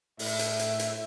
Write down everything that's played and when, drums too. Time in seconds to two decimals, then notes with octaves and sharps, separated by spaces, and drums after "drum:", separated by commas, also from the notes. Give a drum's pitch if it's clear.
0.19 A2 E5, drum: open hi-hat
0.39 drum: hi-hat
0.59 drum: hi-hat
0.79 drum: hi-hat